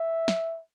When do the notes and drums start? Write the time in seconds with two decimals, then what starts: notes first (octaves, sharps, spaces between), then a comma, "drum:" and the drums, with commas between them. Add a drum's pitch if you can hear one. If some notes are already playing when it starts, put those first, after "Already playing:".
Already playing: E5
0.28 drum: snare